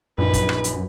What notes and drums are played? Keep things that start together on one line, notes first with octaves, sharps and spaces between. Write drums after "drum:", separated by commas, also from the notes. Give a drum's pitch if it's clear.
A#1 F#2 D#4 B4
drum: kick, hi-hat
drum: rim click
drum: hi-hat